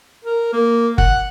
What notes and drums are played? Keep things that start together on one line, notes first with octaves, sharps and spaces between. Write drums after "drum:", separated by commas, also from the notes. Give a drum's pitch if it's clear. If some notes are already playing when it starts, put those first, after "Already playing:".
A#4
A#3
F#5, drum: kick